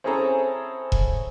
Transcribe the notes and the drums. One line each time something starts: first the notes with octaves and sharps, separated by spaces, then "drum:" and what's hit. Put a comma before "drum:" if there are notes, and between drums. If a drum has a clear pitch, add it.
C4 C#4 E4 G#4 A4 A#5
drum: kick E1